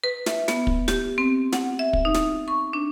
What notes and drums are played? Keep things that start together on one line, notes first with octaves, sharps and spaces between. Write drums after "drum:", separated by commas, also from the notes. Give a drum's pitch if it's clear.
B4
E5, drum: snare
B3, drum: snare
drum: kick
G4, drum: snare
C4
F#5, drum: snare
E5
drum: kick
D#4
drum: snare
C#6
D4